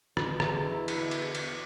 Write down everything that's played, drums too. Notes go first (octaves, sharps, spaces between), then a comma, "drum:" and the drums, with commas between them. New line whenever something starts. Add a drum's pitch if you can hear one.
B2 D3, drum: rim click
E2, drum: rim click
E4
D3, drum: cymbal
E2, drum: cymbal
E2, drum: cymbal